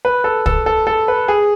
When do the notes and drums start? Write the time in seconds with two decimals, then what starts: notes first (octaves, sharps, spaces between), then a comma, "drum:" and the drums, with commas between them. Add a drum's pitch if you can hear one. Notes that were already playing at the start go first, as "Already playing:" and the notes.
0.05 B4
0.24 A4
0.46 A4, drum: kick
0.66 A4
0.87 A4
1.08 B4
1.28 G#4